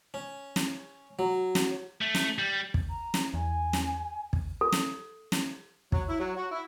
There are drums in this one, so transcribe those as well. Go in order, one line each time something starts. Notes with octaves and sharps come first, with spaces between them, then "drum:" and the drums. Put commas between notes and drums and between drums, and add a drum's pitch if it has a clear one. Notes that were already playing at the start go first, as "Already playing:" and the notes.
C#4
drum: snare
F#3
drum: snare
A3
drum: snare
G3
drum: kick
A#5
drum: snare
E2 G#5
drum: snare
drum: kick
A4
drum: snare
drum: snare
F#3, drum: kick
E4
F#3
F#4
E4